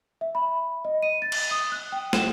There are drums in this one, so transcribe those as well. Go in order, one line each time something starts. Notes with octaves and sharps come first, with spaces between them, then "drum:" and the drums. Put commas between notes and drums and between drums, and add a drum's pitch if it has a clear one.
E5
B5
D#5
D#7
A6
drum: cymbal
D#6
F#6
G5
E7, drum: snare